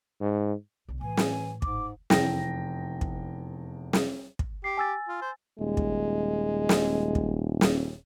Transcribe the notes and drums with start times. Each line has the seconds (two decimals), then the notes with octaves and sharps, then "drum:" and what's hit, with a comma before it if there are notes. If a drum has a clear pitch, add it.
0.20 G#2
0.89 B1 D3
1.01 A2 E3 G#5
1.17 drum: snare
1.62 G#2 D6, drum: kick
2.10 F1 E2 G5 A#6, drum: snare
3.01 drum: kick
3.93 drum: snare
4.39 drum: kick
4.64 G4 C7
4.78 G#5 E6 A6
5.08 F4
5.22 C5
5.59 D#1 G#3
5.77 drum: kick
6.69 drum: snare
7.15 drum: kick
7.61 drum: snare